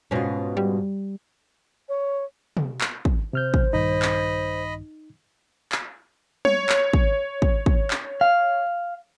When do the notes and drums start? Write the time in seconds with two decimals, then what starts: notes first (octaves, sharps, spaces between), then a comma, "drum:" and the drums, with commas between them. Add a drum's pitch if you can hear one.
0.11 G#2 B2 C#4 F4
0.57 G3
1.89 C#5
2.57 drum: tom
2.81 drum: clap
3.05 drum: kick
3.33 C3 C5 F6 G6
3.54 drum: kick
3.73 A#1 G2 D#3 D#4 D#5 B5
4.02 drum: clap
5.72 drum: clap
6.45 C#5, drum: tom F#3
6.69 drum: clap
6.93 drum: kick
7.42 drum: kick
7.66 drum: kick
7.91 drum: clap
8.21 F5